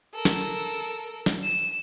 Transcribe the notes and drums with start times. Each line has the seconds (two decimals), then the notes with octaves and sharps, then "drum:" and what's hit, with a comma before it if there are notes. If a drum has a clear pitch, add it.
0.14 A4 A#4
0.25 drum: snare
1.26 drum: snare
1.43 E7